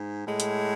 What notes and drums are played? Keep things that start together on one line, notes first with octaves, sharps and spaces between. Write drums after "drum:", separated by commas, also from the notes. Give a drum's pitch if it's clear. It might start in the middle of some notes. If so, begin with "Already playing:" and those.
Already playing: G#2
A2 G#3
drum: hi-hat